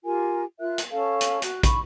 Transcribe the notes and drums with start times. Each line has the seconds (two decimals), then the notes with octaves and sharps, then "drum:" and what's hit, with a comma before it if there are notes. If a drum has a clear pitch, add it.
0.04 F4 G4 A#4 G#5
0.59 F4 A#4 E5 F#6
0.78 drum: hi-hat
0.92 C#4 A4 F5 A5
1.21 drum: hi-hat
1.42 F#4 F#6, drum: hi-hat
1.63 B5 C#6, drum: kick, hi-hat